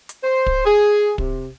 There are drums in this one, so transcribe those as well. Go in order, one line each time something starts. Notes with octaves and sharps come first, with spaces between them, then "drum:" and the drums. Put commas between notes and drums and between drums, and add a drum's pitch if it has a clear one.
drum: hi-hat
C5
drum: kick
G#4
C3, drum: kick